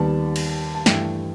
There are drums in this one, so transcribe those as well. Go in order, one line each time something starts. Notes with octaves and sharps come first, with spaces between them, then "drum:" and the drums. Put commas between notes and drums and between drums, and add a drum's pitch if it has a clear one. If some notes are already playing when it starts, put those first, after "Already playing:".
Already playing: D#2 D#3 G3 B3 A5
drum: cymbal
A5
G2 E3 A3 G5, drum: snare